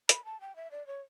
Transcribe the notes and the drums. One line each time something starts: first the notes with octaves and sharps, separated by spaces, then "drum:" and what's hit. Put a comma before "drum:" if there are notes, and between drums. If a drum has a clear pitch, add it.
B5, drum: hi-hat
A5
G5
E5
D5
C#5